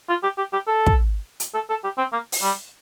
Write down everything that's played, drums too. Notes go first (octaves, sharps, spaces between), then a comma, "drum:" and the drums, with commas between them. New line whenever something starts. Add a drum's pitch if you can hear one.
F4
G4
G4
G4
A4
drum: kick
drum: hi-hat
A4
A4
G4
C4
A#3
drum: open hi-hat
G3